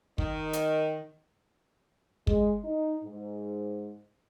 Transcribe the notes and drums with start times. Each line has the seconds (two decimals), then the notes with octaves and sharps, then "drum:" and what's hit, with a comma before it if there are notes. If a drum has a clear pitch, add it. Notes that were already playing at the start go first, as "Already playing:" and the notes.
0.18 D#3, drum: kick
0.53 drum: hi-hat
2.27 G#3, drum: kick
2.64 D#4
3.04 G#2